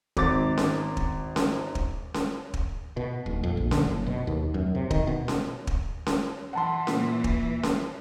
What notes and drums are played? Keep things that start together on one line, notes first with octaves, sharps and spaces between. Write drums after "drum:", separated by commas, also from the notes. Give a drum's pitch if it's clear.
G#1 D6 A6, drum: kick
drum: snare C#4
drum: kick
drum: snare C#4
drum: kick
drum: snare C#4
drum: kick
B2
D#1
F2
A#1
D3, drum: snare C#4
F#1
B2
D#2
F#2
C3
D#3, drum: kick
B2
drum: snare C#4
drum: kick
drum: snare C#4
E3 F#5 A5 C6
A#2, drum: snare C#4
drum: kick
drum: snare C#4